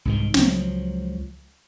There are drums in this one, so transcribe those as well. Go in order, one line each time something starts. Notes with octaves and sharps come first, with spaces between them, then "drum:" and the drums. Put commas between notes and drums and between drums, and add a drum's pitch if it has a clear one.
C2 G#2 D#3
C#2 F3 F#3, drum: snare